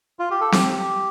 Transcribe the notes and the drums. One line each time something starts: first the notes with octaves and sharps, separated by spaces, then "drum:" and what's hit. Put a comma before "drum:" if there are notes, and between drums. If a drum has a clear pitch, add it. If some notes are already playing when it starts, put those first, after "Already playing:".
F4
G4
A4
G4, drum: snare C4